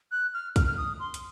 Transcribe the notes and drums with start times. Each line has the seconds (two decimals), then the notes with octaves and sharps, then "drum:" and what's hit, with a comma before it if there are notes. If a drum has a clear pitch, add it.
0.12 F#6
0.34 F6
0.56 F6, drum: kick, hi-hat
0.67 F6
0.77 D#6
1.00 C6
1.14 drum: hi-hat